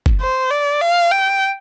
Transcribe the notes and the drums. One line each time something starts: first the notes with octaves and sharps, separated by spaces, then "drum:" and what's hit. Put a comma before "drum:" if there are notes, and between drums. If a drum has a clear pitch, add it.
drum: kick F#1
C5
D5
F5
G5